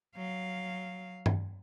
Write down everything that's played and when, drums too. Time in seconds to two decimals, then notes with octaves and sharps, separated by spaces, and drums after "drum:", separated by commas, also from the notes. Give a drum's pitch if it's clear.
0.17 F#3 F5
1.26 drum: tom G2